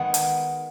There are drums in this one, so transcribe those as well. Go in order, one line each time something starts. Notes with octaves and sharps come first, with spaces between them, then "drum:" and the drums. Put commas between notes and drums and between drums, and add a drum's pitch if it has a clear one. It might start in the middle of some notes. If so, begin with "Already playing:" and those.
Already playing: D#3 G#3 B3 D#4 F#5
drum: hi-hat